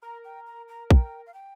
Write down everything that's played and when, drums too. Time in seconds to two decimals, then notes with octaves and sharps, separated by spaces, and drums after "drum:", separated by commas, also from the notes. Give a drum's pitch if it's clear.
0.02 A#4 A#5
0.25 G5
0.47 A#5
0.68 A#5
0.90 G5, drum: kick A#1
1.27 F5
1.34 G5